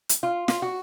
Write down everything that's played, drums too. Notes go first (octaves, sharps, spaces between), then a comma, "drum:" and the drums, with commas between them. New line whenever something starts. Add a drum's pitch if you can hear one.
drum: hi-hat
F4
F4, drum: snare
F#4